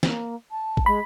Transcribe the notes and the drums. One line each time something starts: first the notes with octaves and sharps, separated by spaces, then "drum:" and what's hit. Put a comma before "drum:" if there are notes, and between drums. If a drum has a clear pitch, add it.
A#3, drum: snare E3
A5
drum: kick
G#3 B5